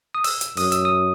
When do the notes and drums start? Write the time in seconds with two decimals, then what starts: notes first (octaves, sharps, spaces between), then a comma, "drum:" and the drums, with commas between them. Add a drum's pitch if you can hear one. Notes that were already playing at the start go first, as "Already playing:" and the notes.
0.15 D#6
0.24 E6, drum: open hi-hat
0.41 drum: hi-hat
0.57 F#2 D#6, drum: open hi-hat
0.72 E6, drum: hi-hat
0.85 D#6